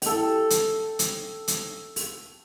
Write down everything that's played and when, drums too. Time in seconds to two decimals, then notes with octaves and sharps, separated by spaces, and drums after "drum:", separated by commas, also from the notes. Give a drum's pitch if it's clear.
0.02 A4 G5, drum: open hi-hat
0.50 drum: hi-hat
0.99 drum: hi-hat
1.48 drum: hi-hat
1.96 drum: open hi-hat